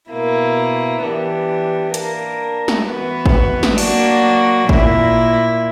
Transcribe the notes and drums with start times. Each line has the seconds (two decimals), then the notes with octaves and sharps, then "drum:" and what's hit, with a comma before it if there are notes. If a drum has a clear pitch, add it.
0.11 B2 A#3 E4
1.03 E3 B3 D4 G4
1.94 A#3 D4 A#4, drum: hi-hat
2.68 drum: snare
2.86 E3 B3 F#4 B4
3.26 drum: kick G#1
3.63 drum: snare
3.78 F#3 A#3 D4 F#4, drum: open hi-hat
4.69 A#2 A#3 E4, drum: kick G#1